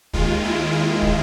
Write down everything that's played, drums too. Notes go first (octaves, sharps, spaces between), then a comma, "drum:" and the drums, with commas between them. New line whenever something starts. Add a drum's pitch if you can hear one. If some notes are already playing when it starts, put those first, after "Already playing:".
D#2 D#3 G#3 F4, drum: kick
E4
F4
drum: kick